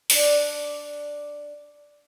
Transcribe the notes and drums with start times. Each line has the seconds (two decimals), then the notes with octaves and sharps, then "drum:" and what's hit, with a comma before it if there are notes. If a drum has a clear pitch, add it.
0.10 D4 D5, drum: open hi-hat